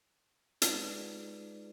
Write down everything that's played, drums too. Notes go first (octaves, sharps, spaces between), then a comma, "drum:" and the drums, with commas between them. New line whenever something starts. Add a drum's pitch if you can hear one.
G#3 D#4 F4 G#4 B4 D5, drum: hi-hat